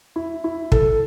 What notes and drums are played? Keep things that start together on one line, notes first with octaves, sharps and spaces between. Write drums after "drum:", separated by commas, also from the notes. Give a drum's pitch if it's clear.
E4
E4
A4, drum: kick